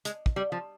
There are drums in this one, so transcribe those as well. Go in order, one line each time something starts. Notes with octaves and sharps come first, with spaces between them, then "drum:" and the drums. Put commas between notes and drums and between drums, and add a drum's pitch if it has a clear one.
G#3, drum: hi-hat
drum: kick
G3
F3